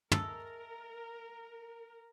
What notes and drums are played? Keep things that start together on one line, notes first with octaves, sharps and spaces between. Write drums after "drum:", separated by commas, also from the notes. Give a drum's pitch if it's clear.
G#3 A3 A4 A#4, drum: tom